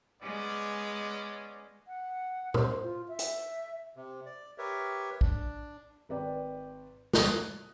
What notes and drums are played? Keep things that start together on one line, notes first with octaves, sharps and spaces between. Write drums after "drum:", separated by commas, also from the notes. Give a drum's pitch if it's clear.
G#3 B3 C#4 D5
F#5
C5, drum: tom A#2
F4
E5
drum: hi-hat
C3
D5
G4 A#4 B4 C#5 E5
D4, drum: kick
G#1 B4 D5 G5
D#6 F#6, drum: snare